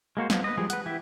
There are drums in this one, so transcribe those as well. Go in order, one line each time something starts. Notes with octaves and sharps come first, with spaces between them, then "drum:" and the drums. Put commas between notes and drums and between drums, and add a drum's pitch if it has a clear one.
G#3 A#3 F#4 C5
F3 B3, drum: snare
B4 D#5
F3 G3 G#3 G#4
B4 F#5, drum: hi-hat
E3 E4 G4